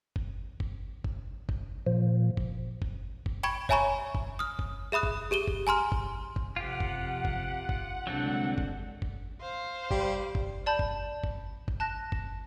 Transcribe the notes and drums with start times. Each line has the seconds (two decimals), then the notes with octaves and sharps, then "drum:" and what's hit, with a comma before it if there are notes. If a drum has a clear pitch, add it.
0.16 drum: kick G1
0.60 drum: kick G1
1.04 drum: kick G1
1.49 drum: kick G1
1.87 A#2 F3
2.37 drum: kick G1
2.82 drum: kick G1
3.26 drum: kick G1
3.43 G5 B5 C#6 G#6 D7
3.69 C#5 E5 G#5 A#5 B5 C#6, drum: kick G1
4.15 drum: kick G1
4.39 D#6 F6
4.59 drum: kick G1
4.92 G#4 E5 B5 D#6 F#6
5.03 drum: kick G1
5.31 G4 G#4 D#7 G7
5.48 drum: kick G1
5.67 G#5 A#5 C6 F6
5.92 drum: kick G1
6.36 drum: kick G1
6.56 F2 C3 F4 G4 F#5
6.80 drum: kick G1
7.25 drum: kick G1
7.69 drum: kick G1
8.07 C2 D3 F#3 G#3 C4 D4 A4
8.58 drum: kick G1
9.02 drum: kick G1
9.41 C5 F5
9.91 G3, drum: kick G1
10.35 drum: kick G1
10.66 D5 A5 B5 G6
10.79 drum: kick G1
11.24 drum: kick G1
11.68 drum: kick G1
11.80 A5 F#6 A#6
12.12 drum: kick G1